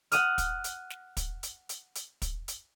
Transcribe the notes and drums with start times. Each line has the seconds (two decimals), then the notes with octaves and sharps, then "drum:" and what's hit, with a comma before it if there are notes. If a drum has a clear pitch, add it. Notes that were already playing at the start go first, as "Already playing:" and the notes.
0.12 F#5 D#6 F6, drum: hi-hat
0.38 drum: kick, hi-hat
0.64 drum: hi-hat
0.90 drum: snare
1.17 drum: kick, hi-hat
1.43 drum: hi-hat
1.69 drum: hi-hat
1.95 drum: hi-hat
2.22 drum: kick, hi-hat
2.48 drum: hi-hat